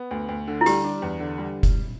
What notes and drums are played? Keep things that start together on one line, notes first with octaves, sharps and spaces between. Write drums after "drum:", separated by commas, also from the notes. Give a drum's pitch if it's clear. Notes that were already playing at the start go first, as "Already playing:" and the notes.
Already playing: B3
D2
D2
D3
E4
G3 G4, drum: hi-hat
D4
E2
D3
G3
drum: kick F1, hi-hat